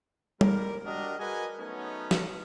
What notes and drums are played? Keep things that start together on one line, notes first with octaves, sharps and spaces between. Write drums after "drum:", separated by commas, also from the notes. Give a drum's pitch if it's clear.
G3 G#3 A#3 A#4, drum: tom
D4 F#4 G4 A#4 D#5
F#4 G#4 A#4 B4 D#5 G#5
F#3 A3 B3 C#4 D#4
drum: snare